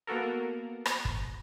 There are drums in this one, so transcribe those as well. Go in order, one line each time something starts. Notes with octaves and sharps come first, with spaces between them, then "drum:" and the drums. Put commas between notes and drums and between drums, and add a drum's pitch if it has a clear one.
A#3 B3 F#4 A4 A#4
drum: rim click
drum: kick